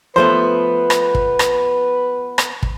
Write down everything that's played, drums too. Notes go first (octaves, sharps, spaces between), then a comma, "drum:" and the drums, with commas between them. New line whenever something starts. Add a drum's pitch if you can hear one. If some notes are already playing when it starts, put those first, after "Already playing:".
F3 A3 B3 B4 C5
drum: rim click
drum: kick
drum: rim click
drum: rim click
drum: kick